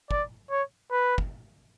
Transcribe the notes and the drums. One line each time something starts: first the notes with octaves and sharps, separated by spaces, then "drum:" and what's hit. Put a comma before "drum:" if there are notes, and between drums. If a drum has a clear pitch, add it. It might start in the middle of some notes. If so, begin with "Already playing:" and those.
D5, drum: kick
C#5
B4
drum: kick